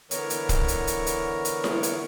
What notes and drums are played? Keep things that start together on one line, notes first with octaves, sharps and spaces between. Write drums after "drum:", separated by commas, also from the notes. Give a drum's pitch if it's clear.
D3 E3 B3 A#4 C#5, drum: hi-hat
drum: hi-hat
drum: kick, hi-hat
drum: hi-hat
drum: hi-hat
drum: hi-hat
drum: hi-hat
drum: snare E4
drum: hi-hat